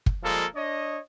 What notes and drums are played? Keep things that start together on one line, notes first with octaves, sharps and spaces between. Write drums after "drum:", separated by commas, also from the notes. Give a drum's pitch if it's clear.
drum: kick
F3 G3 G#3 A#3 A4
D4 C#5 D#5